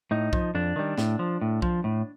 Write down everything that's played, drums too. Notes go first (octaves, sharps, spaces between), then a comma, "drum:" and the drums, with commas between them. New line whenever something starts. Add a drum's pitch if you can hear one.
A2 D#4
F3, drum: kick
F2 D4
D#3 G3
A2, drum: snare
F3
A2
F3, drum: kick
A2